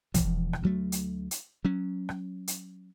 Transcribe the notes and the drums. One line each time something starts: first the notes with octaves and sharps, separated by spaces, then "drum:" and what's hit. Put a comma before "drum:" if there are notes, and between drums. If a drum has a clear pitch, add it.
E1 E3 F3, drum: kick, hi-hat
drum: rim click
D2 F#3 A3
drum: hi-hat
drum: hi-hat
F#3 C#4
drum: rim click
drum: hi-hat